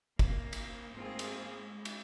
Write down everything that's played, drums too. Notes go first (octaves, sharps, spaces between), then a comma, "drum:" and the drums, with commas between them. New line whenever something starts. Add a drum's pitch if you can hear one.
A#3, drum: kick, cymbal
drum: cymbal
G#2 A3 A#3 C4 F4 G#4
drum: cymbal
G#3
drum: cymbal